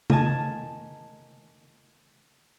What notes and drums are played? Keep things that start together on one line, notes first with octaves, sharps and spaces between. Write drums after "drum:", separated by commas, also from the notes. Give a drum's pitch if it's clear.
A#4 D#5 G#5 A5, drum: tom C#3